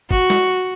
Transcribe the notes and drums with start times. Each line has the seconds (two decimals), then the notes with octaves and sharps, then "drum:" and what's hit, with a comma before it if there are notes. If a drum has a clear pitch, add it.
0.11 F#4, drum: kick
0.30 drum: snare